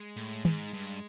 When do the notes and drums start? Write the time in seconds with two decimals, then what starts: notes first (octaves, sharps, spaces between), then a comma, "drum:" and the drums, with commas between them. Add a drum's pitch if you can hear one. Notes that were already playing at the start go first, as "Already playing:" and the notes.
Already playing: G#3
0.17 A2
0.45 G#2, drum: tom
0.73 G2